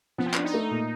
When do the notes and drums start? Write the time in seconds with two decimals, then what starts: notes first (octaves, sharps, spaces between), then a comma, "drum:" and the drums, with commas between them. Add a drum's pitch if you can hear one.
0.18 F3 B3
0.26 C4
0.34 B3 D4, drum: clap
0.44 D#4
0.54 A3
0.71 A#2